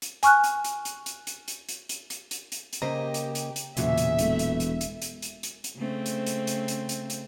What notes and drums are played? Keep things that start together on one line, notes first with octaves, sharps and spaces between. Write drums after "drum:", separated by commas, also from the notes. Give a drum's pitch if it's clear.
drum: hi-hat
G#5 C#6 F6 F#6, drum: hi-hat
drum: hi-hat
drum: hi-hat
drum: hi-hat
drum: hi-hat
drum: hi-hat
drum: hi-hat
drum: hi-hat
drum: hi-hat
drum: hi-hat
drum: hi-hat
drum: hi-hat
drum: hi-hat
C#3 A#3 G4 C5 D#5 A#5
drum: hi-hat
drum: hi-hat
drum: hi-hat
B1 E2 G2 A#2 C#3 F#3 E5, drum: hi-hat
drum: hi-hat
E1 E3 A3, drum: hi-hat
drum: hi-hat
drum: hi-hat
drum: hi-hat
drum: hi-hat
drum: hi-hat
drum: hi-hat
drum: hi-hat
C#3 A3 C4
drum: hi-hat
drum: hi-hat
drum: hi-hat
drum: hi-hat
drum: hi-hat
drum: hi-hat